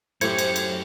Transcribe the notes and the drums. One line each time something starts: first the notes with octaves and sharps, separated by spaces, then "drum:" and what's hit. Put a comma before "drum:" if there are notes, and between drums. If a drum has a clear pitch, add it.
F#2 A2 G4 C5 G#6 C#7, drum: cymbal
drum: cymbal
drum: cymbal